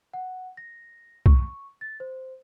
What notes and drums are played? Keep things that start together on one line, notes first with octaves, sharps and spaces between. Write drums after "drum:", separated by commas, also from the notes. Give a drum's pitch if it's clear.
F#5
A#6
C#6, drum: kick
A6
C5